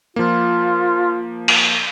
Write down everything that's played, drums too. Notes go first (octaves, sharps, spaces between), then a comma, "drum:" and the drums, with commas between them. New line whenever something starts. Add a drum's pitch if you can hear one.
F3 A#3 F4
drum: cymbal